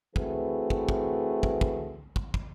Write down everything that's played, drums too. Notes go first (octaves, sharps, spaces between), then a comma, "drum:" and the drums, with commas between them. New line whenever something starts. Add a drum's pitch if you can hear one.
E3 A3 C4 F#4 G#4 B4, drum: kick
drum: kick
drum: kick
drum: kick
drum: kick
drum: kick
drum: kick